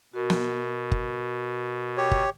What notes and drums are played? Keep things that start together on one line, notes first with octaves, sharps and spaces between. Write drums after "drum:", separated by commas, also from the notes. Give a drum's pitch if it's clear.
B2 F#4 A#4
drum: snare
drum: kick G1
G4 C#5
drum: kick G1